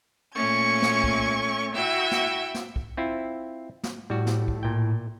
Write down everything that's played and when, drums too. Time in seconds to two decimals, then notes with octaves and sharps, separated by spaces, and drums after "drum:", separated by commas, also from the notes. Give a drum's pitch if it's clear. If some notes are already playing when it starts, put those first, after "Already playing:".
0.34 A#2 A3 C#4 C#6 G#6
0.82 drum: snare
1.04 drum: kick
1.74 E4 F#4 E5 G5
2.11 drum: snare
2.54 drum: snare
2.76 drum: kick
2.97 C4 E4 F4
3.84 drum: snare
4.10 A2 G3 F#4
4.27 drum: snare
4.48 drum: kick
4.63 A#2 G5